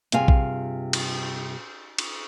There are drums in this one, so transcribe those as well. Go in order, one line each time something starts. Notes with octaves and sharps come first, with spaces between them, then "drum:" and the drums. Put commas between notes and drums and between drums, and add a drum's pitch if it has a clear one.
G2 C3 F4 G#4 F5 G#5, drum: hi-hat
drum: kick A#1
drum: cymbal
drum: cymbal